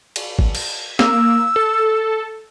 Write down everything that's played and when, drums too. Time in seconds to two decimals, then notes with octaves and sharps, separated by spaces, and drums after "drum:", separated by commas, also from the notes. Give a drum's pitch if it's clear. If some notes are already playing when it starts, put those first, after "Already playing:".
0.16 drum: cymbal
0.39 drum: kick
0.55 drum: cymbal
0.99 A#3 E6, drum: snare
1.56 A4